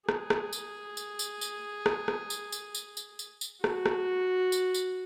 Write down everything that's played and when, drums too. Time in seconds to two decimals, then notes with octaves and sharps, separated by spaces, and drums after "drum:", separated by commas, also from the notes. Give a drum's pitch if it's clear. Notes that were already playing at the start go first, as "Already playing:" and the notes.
0.09 G#4, drum: rim click
0.30 drum: rim click
0.53 drum: tambourine
0.97 drum: tambourine
1.19 drum: tambourine
1.41 drum: tambourine
1.86 drum: rim click
2.08 drum: rim click
2.30 drum: tambourine
2.52 drum: tambourine
2.75 drum: tambourine
2.97 drum: tambourine
3.19 drum: tambourine
3.41 drum: tambourine
3.64 F#4, drum: rim click
3.86 drum: rim click
4.52 drum: tambourine
4.74 drum: tambourine